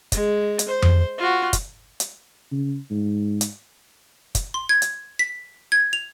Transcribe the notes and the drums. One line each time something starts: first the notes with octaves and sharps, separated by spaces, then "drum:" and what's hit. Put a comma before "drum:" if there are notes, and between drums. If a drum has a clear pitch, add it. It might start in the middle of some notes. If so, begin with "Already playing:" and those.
G#3, drum: kick, hi-hat
drum: hi-hat
C5
drum: tom F2
F4 F#4
drum: kick, hi-hat
drum: hi-hat
C#3
G#2
drum: hi-hat
drum: kick, hi-hat
C6
G#6
drum: hi-hat
B6
G#6
F7